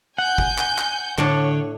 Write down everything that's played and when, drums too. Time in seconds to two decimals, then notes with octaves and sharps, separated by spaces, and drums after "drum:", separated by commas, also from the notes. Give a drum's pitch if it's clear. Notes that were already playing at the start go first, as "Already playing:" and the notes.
0.18 F#5 G#5 G6
0.38 drum: kick
0.58 drum: clap
0.78 drum: clap
1.18 A2 D3 D4 C#5, drum: clap